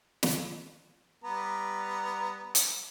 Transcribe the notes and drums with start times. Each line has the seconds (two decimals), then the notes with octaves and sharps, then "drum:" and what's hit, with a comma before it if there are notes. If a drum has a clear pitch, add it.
0.23 drum: snare
1.24 G3 B3 A#5
2.55 drum: hi-hat